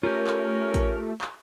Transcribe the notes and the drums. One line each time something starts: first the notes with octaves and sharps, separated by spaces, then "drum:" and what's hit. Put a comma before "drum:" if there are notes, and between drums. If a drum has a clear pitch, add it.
A3 C#4 F4 G4 A#4
drum: clap
drum: kick, hi-hat
drum: clap